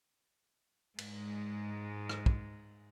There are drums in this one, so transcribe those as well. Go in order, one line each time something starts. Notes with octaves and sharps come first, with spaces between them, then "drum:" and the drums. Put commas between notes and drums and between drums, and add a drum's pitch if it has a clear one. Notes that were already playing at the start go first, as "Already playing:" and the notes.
G#2 G#3, drum: cymbal
drum: rim click
drum: kick